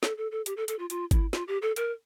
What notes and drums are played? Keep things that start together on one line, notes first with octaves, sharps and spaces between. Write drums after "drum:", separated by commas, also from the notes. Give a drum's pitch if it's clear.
A4, drum: snare
A4
A4
G4, drum: hi-hat
A4
A4, drum: hi-hat
F4
F4, drum: hi-hat
E4, drum: kick G#1, hi-hat
F4, drum: snare
G4
A4
A#4, drum: hi-hat